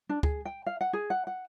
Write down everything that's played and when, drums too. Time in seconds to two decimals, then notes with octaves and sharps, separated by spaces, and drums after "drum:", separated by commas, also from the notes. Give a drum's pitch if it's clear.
0.09 D4
0.23 G#4, drum: kick
0.45 G5
0.66 F5
0.81 F#5
0.93 G#4
1.10 F#5
1.27 F#5